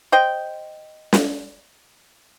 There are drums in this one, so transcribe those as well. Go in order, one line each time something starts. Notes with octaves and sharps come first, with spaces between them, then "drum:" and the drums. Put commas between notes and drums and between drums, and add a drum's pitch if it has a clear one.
C5 D#5 G5
drum: snare